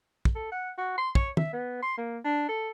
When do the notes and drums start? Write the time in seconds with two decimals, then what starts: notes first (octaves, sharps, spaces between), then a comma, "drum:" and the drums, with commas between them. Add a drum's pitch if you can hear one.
0.25 drum: kick
0.35 A4
0.52 F#5
0.78 F#4
0.98 C6
1.15 C#5, drum: kick
1.37 E5, drum: tom
1.53 B3
1.83 C6
1.98 A#3
2.24 D4
2.48 A4